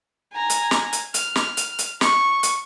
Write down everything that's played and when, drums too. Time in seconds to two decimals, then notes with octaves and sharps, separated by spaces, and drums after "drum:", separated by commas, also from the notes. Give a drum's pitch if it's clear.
0.33 G#5 A#5
0.50 drum: hi-hat
0.71 drum: snare
0.93 drum: hi-hat
1.14 F6, drum: hi-hat
1.36 drum: snare
1.57 drum: hi-hat
1.78 drum: hi-hat
2.01 C#6, drum: snare
2.43 drum: hi-hat